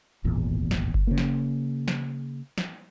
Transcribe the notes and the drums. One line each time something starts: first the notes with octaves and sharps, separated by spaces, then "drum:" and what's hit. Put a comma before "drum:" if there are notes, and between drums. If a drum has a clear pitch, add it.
D1 G#1 E2 A#2
drum: snare
drum: kick F#1
C#3 A#3
drum: snare
drum: snare
drum: snare